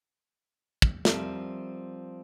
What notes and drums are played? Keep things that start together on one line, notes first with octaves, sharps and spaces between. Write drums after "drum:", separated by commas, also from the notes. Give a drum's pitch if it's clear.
drum: kick
F3 G3 C4 A#4 E5, drum: snare